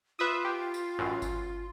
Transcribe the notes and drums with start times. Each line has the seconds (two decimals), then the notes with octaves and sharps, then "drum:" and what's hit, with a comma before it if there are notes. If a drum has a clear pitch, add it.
0.19 F4 B4 E5 D#6
0.45 G4
0.74 drum: tambourine
0.98 A1 F#2
1.22 drum: kick G1, tambourine